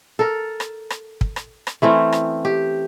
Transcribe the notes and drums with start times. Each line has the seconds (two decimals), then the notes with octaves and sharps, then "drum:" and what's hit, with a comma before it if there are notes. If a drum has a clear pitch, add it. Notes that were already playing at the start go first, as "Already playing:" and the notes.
0.19 A4 A#4
0.60 drum: rim click
0.90 drum: rim click
1.21 drum: kick
1.36 drum: rim click
1.67 drum: rim click
1.82 E3 A3 C4 C#4
2.12 drum: rim click
2.45 G4